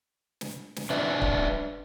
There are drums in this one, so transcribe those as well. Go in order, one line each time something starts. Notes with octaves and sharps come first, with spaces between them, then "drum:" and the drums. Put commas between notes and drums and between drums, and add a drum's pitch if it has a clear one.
drum: snare
drum: snare
D4 B4 D5 E5
drum: kick